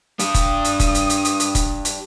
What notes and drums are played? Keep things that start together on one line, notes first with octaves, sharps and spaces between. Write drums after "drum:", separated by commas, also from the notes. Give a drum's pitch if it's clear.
D4 G4 D#6, drum: hi-hat
drum: kick, hi-hat
drum: hi-hat
drum: kick, hi-hat
drum: hi-hat
drum: hi-hat
drum: hi-hat
drum: hi-hat
drum: kick, hi-hat
drum: hi-hat